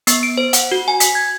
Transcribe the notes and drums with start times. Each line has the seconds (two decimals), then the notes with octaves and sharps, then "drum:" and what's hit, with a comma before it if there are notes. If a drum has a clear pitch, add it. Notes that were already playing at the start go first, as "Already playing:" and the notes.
0.07 B3, drum: hi-hat
0.23 D7
0.38 C5
0.53 F#5, drum: hi-hat
0.72 F#4
0.88 G#5
1.00 B6, drum: hi-hat
1.15 G#6